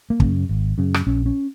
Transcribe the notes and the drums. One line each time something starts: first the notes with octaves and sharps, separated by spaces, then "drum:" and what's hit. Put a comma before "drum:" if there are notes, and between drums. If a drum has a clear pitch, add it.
A#3
F#2 C#3, drum: kick
G#1
F#2 C#3
drum: rim click
A#1 C#4
C#4